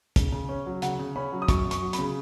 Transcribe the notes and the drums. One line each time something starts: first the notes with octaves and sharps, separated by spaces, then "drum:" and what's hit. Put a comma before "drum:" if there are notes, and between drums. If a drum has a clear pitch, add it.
C#3, drum: kick, hi-hat
C#3
C#4
F#3
C#3 F#5, drum: hi-hat
C#3
C#4 B5
F#3
D#6
F#2 C#6, drum: kick, hi-hat
F#2
C#6, drum: hi-hat
F#3
B5, drum: hi-hat
C#3